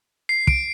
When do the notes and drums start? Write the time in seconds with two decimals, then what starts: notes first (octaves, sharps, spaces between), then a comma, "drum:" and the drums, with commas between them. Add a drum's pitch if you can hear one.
0.29 C7
0.47 D7, drum: kick